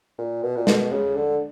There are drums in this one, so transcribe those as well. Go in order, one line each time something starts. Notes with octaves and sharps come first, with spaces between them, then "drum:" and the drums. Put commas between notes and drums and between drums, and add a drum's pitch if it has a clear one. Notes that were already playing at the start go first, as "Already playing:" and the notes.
A#2
B2
A#2
B2, drum: snare
C#3
D3